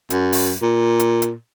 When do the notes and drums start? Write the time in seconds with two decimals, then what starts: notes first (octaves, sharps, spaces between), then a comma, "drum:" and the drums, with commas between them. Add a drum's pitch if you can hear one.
0.10 F#2, drum: hi-hat
0.33 drum: open hi-hat
0.62 A#2
1.00 drum: hi-hat
1.22 drum: hi-hat